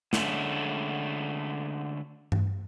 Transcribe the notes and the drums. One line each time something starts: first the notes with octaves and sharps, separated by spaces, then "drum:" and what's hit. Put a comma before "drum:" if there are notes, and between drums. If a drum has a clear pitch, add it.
D3 G#3 A3 C#4, drum: snare
drum: tom G2